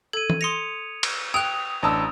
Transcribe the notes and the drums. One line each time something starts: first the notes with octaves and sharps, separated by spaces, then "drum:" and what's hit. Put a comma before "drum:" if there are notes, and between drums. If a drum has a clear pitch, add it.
A4 G#6 D#7
drum: tom E3
C6 D#6 A#6 C#7 F7
drum: cymbal
G5 D#6 F#6 F7
A1 D4 A5 A#5 D#6 E6